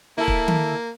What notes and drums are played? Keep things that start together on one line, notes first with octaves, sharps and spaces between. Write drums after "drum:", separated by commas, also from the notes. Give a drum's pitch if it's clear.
A#3 E4 A4
drum: kick
drum: tom D#3